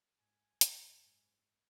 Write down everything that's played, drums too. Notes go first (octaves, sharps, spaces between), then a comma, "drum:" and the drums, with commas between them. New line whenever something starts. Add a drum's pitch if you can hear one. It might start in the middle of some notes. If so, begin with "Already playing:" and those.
G#2 G#5
F#2, drum: hi-hat
G#2